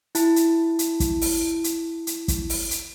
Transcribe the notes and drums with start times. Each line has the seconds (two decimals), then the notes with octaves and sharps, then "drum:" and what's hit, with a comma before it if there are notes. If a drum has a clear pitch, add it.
0.15 E4 A5, drum: hi-hat
0.36 drum: hi-hat
0.79 drum: hi-hat
1.00 drum: kick, hi-hat
1.21 drum: open hi-hat
1.64 drum: hi-hat
2.07 drum: hi-hat
2.28 drum: kick, hi-hat
2.50 drum: open hi-hat
2.71 drum: hi-hat